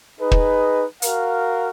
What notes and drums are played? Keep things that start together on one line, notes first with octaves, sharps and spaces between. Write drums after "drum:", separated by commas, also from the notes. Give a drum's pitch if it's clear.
D#4 G#4 B4 D#5
drum: kick
F#4 A#4 F5, drum: hi-hat